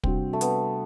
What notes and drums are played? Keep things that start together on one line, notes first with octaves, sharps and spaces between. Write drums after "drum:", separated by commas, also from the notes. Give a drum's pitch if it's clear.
C3 G3 C4 D4 F#4, drum: kick
A3
B3, drum: hi-hat